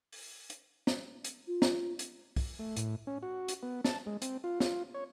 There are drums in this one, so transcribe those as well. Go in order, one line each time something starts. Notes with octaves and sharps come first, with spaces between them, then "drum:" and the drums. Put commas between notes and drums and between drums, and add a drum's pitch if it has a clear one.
drum: open hi-hat
drum: hi-hat
drum: snare
drum: hi-hat
F4
drum: snare
drum: hi-hat
drum: kick, open hi-hat
A3
A2, drum: hi-hat
C#4
F#4
drum: hi-hat
B3
A5, drum: snare
G#3
C4, drum: hi-hat
F4
F4, drum: snare
C#5